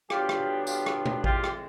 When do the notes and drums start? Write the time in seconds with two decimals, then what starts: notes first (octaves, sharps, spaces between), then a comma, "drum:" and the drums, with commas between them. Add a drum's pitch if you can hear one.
0.10 D3 F#3 B3 D4 F4 G4, drum: rim click
0.29 drum: rim click
0.67 F4 G4, drum: tambourine
0.86 drum: rim click
1.06 drum: tom B2
1.24 A2 E3 G#3 C4 F4 G4, drum: kick A1
1.44 drum: rim click